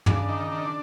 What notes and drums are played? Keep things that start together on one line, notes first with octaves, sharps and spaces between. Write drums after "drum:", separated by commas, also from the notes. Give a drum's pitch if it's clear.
C#3 D4, drum: tom
D#3
D4